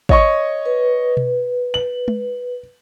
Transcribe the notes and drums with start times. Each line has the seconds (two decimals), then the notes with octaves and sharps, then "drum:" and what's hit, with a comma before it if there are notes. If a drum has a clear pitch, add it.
0.09 C#5 D#5 C#6, drum: kick
0.66 B4
1.17 drum: tom B2
1.74 F#7
2.08 drum: tom G#3